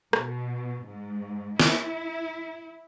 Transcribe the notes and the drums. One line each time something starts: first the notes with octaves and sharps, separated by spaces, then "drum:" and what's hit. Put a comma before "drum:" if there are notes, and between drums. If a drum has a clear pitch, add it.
B2, drum: rim click
G#2
E4, drum: snare